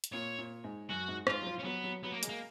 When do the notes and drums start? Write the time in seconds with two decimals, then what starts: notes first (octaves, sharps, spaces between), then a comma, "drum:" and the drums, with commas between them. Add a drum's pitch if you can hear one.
0.04 drum: hi-hat
0.13 A#2 C#5
0.38 A#2
0.64 G#2
0.89 F#2 F#4
1.08 G#2
1.27 G#2 F4, drum: rim click
1.42 F#3
1.46 F3
1.59 C#4
1.65 F#3 B3
1.84 F#3
2.03 F#3 B3
2.12 A#3
2.23 G#3, drum: hi-hat
2.29 A#3